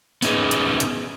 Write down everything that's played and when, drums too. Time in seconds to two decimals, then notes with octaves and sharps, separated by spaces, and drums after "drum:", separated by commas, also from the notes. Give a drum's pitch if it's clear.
0.22 B3 C#4 D#4 E4 G#4 B4, drum: open hi-hat
0.51 drum: hi-hat
0.80 drum: hi-hat